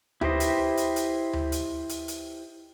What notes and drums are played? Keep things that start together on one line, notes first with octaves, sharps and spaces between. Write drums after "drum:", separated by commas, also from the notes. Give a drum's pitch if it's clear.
E4 G4 B4 C5 D#5, drum: tom D2
drum: hi-hat
drum: hi-hat
drum: hi-hat
drum: tom D2
drum: hi-hat
drum: hi-hat
drum: hi-hat